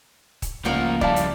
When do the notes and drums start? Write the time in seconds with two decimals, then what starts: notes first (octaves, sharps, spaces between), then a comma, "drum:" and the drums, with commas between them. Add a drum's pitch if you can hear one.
0.42 drum: kick, hi-hat
0.65 C#2 C#3 F3 G3 A#3 F#4 A#4
1.01 F2 G3 E4 D5 F5 A5, drum: kick
1.16 drum: hi-hat